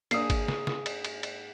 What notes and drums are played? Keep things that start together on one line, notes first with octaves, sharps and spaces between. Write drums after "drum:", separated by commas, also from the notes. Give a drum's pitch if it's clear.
G#2 A#3 D4 G#4 D#6 C7, drum: cymbal
drum: kick G#1, cymbal
drum: snare
drum: snare
drum: cymbal
drum: cymbal
drum: cymbal